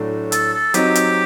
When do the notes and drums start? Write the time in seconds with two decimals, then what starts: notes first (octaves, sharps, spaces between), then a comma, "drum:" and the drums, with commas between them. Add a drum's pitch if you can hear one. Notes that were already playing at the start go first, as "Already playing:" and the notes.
Already playing: A2 F#3 A3 D4
0.32 A4, drum: hi-hat
0.54 A4
0.74 F#3 C4 D#4 G4, drum: hi-hat
0.95 drum: hi-hat